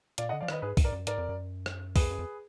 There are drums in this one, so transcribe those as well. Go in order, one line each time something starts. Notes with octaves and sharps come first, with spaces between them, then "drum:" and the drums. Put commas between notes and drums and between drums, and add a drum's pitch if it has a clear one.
A#2 D5 F5, drum: hi-hat
D#5 F#5
D3
F3 D5 F5
D#3 B4 D#5, drum: rim click
G#2 G#4 B4
G#2, drum: kick B1, open hi-hat
A#4 D5
F#2
G#2 A#4 D5, drum: hi-hat
F2
F#2
drum: rim click
F2 G#4 B4, drum: kick B1, open hi-hat
F#2
F2